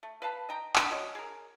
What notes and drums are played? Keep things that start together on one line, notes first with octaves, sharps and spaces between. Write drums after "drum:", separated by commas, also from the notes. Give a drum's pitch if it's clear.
A3
B4 F5 A5 B5
D#5 G5 A#5
D4 B5, drum: clap
C#4 F#4 D#5
G#4 A#4